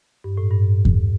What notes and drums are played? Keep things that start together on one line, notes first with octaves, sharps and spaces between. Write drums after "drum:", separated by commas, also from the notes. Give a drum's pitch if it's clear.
G2
A2
G2
drum: kick E2